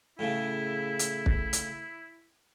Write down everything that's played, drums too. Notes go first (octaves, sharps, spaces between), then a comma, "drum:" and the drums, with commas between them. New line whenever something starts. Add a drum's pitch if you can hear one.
A2 C#3 E4
drum: hi-hat
drum: kick
drum: hi-hat